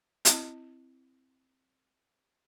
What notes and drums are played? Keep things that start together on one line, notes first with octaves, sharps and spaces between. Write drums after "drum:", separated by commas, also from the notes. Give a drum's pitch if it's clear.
C4 E4 D#5, drum: hi-hat